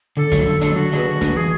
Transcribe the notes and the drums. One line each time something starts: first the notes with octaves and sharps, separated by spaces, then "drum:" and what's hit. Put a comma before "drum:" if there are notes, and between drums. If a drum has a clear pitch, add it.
D3 A4
F#3 A3 D4, drum: kick, hi-hat
D3
F#3 A3 D4, drum: hi-hat
D3 F#4
A3 D4 G#4 B4
D3
A3 D4 G#4 B4, drum: kick, hi-hat
E3 G#4